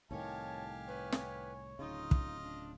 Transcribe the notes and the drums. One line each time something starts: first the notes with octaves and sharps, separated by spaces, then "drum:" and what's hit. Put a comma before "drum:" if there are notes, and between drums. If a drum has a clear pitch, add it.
C2 A2 D#3 G4 C#5 F5 G#5 A5
B4 C#5
drum: snare
D1 C#3 D#4 F4 D#5
drum: kick
D4